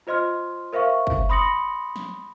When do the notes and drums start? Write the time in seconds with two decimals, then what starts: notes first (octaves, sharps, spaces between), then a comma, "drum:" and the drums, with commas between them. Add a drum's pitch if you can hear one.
0.07 F4 C5 D#5 C6 F6
0.73 A#4 C5 E5 F5 C#6
1.07 drum: kick
1.29 B5 C6 D#6 A#6 C#7 F#7
1.96 drum: snare